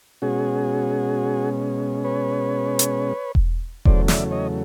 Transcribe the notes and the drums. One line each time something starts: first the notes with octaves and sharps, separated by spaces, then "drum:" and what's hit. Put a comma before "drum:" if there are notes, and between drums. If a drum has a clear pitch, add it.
B2 G#3 C#4 F#4 G#4
B4 C#5
drum: hi-hat
drum: kick E1
E2 C#3 F#3 A3 C5 D5, drum: kick E1
D5 E5, drum: snare
C#5 D#5